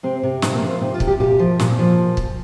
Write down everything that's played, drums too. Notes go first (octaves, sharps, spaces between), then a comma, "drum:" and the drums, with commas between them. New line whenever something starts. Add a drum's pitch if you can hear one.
C3 C4
C3
A#2 D4, drum: snare
A#3
F3
C4
C3 D#4
F4
C3, drum: kick
G4
A#2 G4
F3
A#2, drum: snare
F3
drum: kick